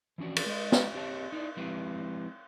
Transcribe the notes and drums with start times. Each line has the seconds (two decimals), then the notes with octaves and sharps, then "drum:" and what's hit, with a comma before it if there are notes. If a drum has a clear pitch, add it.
0.18 E3 F3 C#4 D4 F#4
0.36 drum: cymbal
0.46 G#3 D#5
0.72 drum: snare
0.95 C4 G4 C#5 D#5 A5
1.32 D#4 E4 D5
1.57 F3 G#3 C4 E4 G4 B4